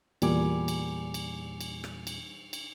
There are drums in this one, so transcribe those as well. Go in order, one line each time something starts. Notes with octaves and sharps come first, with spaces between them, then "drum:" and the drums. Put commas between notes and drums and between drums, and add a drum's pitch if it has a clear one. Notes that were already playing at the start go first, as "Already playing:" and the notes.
E2 A#2 G3 G#5 D6, drum: cymbal
drum: cymbal
drum: cymbal
drum: cymbal
drum: rim click
drum: cymbal
drum: cymbal